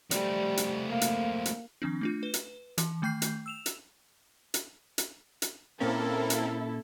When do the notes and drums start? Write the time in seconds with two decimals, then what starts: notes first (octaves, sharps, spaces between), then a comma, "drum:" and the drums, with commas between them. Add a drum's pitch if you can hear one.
0.11 G3 A3 C4, drum: hi-hat
0.57 drum: hi-hat
0.89 A#3
1.01 drum: hi-hat
1.46 drum: hi-hat
1.82 D#3 F3 C4 D4
2.01 A3 D4 F4
2.23 B4
2.34 drum: hi-hat
2.78 E3, drum: hi-hat
3.02 D#3 A3 G5 G6 C7
3.22 drum: hi-hat
3.46 E6 E7 F7
3.66 drum: hi-hat
4.54 drum: hi-hat
4.98 drum: hi-hat
5.42 drum: hi-hat
5.80 A#2 A#3 C4 C#4 E4 A4 A#4
6.30 drum: hi-hat